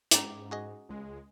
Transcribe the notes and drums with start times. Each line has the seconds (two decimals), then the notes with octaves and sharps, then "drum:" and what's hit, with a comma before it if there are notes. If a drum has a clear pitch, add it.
0.11 G#2 C#4 A#5 D6, drum: hi-hat
0.51 F#4 G#4 D#5
0.89 C#2 G#3